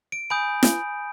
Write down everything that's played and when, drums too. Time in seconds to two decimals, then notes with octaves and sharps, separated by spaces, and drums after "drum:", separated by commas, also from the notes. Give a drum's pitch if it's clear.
0.12 D7
0.30 G#5 B5 D#6 G6 D7
0.63 drum: snare